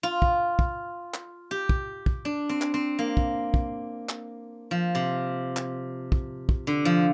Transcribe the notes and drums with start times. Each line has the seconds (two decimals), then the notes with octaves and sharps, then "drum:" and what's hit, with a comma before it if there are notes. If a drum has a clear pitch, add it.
0.03 F4
0.22 drum: kick
0.59 drum: kick
1.14 drum: clap
1.51 G4
1.69 drum: kick
2.06 drum: kick
2.25 D4
2.49 C4
2.62 drum: clap
2.74 C4
2.99 A#3
3.17 drum: kick
3.54 drum: kick
4.09 drum: clap
4.71 F3
4.95 C3
5.57 drum: clap
6.12 drum: kick
6.49 drum: kick
6.67 D3
6.85 F3